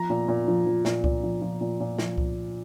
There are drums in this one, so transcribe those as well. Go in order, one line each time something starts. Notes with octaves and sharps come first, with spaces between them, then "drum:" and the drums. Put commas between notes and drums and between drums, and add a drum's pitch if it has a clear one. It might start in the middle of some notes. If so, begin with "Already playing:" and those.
Already playing: F3 A#5
A#2
A#2
F3
F3
A#2, drum: snare
A#2, drum: kick C2
F3
F3
A#2
A#2
F3, drum: snare
drum: kick C2